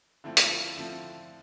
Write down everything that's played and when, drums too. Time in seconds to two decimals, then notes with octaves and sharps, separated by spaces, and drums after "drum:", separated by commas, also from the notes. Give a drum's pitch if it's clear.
0.24 D3 F3 A3 C4 E4
0.37 F4, drum: hi-hat
0.51 E4
0.64 E4
0.77 D3 F3 A3 C4